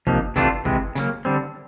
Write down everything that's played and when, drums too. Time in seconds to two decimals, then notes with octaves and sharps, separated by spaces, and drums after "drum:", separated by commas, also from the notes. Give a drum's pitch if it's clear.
0.07 C3 F3 A#3 D#4, drum: kick
0.36 C3 E3 A3 D4 F4, drum: kick, hi-hat
0.65 C3 E3 G#3, drum: kick
0.95 C#3 F#3 A#3, drum: hi-hat
1.25 D3 G3 C4